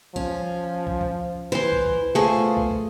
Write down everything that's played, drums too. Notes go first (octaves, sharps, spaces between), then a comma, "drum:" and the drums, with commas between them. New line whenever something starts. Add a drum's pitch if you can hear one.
F3 C#4, drum: kick
drum: kick
drum: kick
E3 C5 C6
drum: kick
drum: kick
B2 A3 F4 G#4 C5
drum: kick
drum: kick